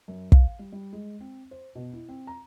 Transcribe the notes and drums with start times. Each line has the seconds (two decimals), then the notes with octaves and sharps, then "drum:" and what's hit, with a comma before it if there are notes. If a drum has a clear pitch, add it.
0.08 F#2
0.32 F5, drum: kick
0.59 G3
0.72 G3
0.93 G#3
1.21 C4
1.51 C5
1.75 B2
1.93 E4
2.09 C4
2.27 A#5